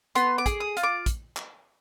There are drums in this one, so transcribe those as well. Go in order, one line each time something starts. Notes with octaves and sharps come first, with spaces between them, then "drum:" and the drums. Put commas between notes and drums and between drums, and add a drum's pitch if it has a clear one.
B3 C6, drum: hi-hat
D6
G#4, drum: kick, hi-hat
D#6
F4, drum: hi-hat
D6
drum: kick, hi-hat
drum: clap